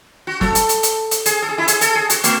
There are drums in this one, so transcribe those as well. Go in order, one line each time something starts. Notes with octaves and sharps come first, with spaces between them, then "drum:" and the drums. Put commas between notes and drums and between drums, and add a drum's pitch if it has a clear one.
F#4
A4, drum: snare
drum: hi-hat
drum: hi-hat
drum: hi-hat
drum: hi-hat
G#4, drum: hi-hat
A4
G#4
E4
G#4, drum: hi-hat
A4, drum: hi-hat
G#4
F#4, drum: hi-hat
A3, drum: hi-hat